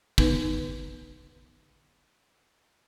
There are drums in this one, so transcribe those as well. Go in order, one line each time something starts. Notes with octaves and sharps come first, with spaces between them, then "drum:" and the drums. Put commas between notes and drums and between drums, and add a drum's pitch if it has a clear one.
B3 D#4 B4, drum: kick